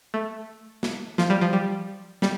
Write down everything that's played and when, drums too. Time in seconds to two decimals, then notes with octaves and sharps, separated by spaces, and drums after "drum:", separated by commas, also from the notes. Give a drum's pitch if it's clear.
0.14 A3
0.83 drum: snare
1.18 F3, drum: snare
1.30 G3
1.41 F3
1.53 G3
2.22 G3, drum: snare